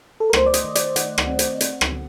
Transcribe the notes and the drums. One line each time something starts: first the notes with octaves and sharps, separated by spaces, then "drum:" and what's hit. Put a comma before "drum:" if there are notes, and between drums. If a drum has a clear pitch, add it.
A4
A#4
A3 C5, drum: rim click
D5
D#5, drum: hi-hat
D#3
D5, drum: hi-hat
D#3 F#5, drum: hi-hat
drum: rim click
C4
drum: hi-hat
C4, drum: hi-hat
drum: rim click
D3